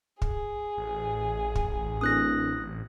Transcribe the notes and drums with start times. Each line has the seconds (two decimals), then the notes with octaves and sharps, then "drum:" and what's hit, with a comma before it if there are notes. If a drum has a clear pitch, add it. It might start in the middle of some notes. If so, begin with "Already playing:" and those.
0.22 G#4, drum: kick
0.78 A1
1.55 drum: kick
2.01 D1 D#6 F#6 A#6